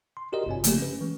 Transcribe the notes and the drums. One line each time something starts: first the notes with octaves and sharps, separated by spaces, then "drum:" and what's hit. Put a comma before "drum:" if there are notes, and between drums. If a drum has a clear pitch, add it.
C6
F#4 G4 A#4 D5 D#5
G1 G2 C3 C4 C#5 G#5
C#3 F3 A3 A#3 G4, drum: hi-hat
C#4 B4
E3 G#3